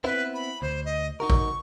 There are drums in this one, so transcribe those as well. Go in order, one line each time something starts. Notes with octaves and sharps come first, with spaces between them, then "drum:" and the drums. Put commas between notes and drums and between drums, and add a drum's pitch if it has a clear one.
B3 C4 E4 B4
B5
D2 C5
D#5
D#4 F#4 A#4 C#6
drum: kick